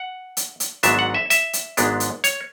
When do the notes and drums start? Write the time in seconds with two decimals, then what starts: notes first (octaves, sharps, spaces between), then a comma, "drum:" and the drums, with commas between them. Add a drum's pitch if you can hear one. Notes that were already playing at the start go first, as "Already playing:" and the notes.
Already playing: F#5
0.37 drum: hi-hat
0.60 drum: hi-hat
0.83 G#1 G#2 F#3 B3 D4 E5, drum: hi-hat
0.99 F#5
1.14 E5
1.30 E5, drum: hi-hat
1.53 drum: hi-hat
1.77 G#1 G#2 G#3 B3 D4, drum: hi-hat
2.00 drum: hi-hat
2.24 C#5, drum: hi-hat